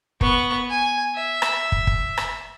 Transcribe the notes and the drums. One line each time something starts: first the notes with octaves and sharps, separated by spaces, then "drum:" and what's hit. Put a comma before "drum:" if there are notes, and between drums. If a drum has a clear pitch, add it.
B3 C#6, drum: kick
G#5
E5
drum: rim click
drum: kick
drum: kick
drum: rim click